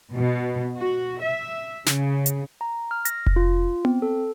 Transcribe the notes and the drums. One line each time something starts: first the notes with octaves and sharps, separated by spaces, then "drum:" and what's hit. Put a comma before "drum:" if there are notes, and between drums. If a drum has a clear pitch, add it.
B2
F#4
E5
C#3, drum: snare
drum: hi-hat
A#5
F6
A#6, drum: hi-hat
drum: kick F1
F4
C4, drum: tom B3
A4